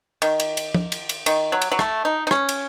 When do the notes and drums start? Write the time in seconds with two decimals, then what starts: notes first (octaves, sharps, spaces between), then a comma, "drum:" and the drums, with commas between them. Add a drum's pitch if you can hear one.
0.22 D#3, drum: cymbal
0.40 drum: cymbal
0.57 drum: cymbal
0.75 drum: tom F3
0.92 drum: cymbal
1.09 drum: cymbal
1.26 D#3, drum: cymbal
1.52 F#3
1.62 drum: cymbal
1.72 F#3
1.79 A3, drum: rim click
2.05 D#4
2.27 D#4
2.31 C#4, drum: rim click
2.49 drum: cymbal